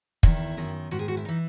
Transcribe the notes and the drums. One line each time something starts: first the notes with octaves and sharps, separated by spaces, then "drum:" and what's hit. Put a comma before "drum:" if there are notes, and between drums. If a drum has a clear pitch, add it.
E2 D#3 E4, drum: kick
F#2 D#3
G#2 D#3 F#4
G#4
F#4
E4
E3 D#4